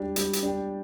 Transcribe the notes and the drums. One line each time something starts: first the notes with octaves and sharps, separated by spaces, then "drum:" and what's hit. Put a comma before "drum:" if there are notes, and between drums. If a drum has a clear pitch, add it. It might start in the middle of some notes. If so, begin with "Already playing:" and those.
Already playing: G3 D4 G4
G3, drum: hi-hat
drum: hi-hat
D4 G4